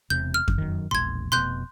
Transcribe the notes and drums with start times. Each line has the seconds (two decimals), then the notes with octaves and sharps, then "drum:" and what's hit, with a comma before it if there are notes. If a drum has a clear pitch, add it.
0.10 E1 E2 C3 G6
0.34 F6
0.48 drum: kick F2
0.58 F#2 D#3
0.91 E1 A#1 C6 G#6
1.32 F1 B2 C6 F#6 G6